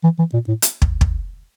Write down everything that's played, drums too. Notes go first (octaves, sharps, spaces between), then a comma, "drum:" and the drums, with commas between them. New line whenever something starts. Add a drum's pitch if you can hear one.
E3
E3
A#2
A2
drum: hi-hat
drum: kick
drum: kick